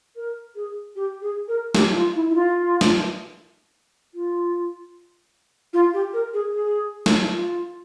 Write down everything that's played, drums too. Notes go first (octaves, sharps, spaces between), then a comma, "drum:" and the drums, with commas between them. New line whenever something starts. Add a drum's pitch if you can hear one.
A#4
G#4
G4
G#4
A#4
G4, drum: snare
F4
E4
E4
F4
drum: snare
F4
F4
G4
A#4
G#4
G#4
drum: snare
F4